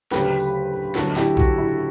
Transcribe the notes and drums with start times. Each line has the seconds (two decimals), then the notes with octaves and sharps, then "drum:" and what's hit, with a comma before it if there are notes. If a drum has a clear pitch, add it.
0.11 D2 C#3 F#3 A3 G4 B4, drum: snare
0.39 drum: tambourine
0.95 D2 D3 F#3 A3 F#4 A4, drum: snare
1.16 E4 G4, drum: snare
1.37 F#4, drum: kick A#1
1.58 E4